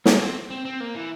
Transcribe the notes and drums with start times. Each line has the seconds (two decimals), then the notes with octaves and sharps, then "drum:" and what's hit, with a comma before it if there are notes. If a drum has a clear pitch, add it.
0.05 A#3, drum: snare
0.20 C4
0.50 C4
0.65 C4
0.80 A#3
0.95 E3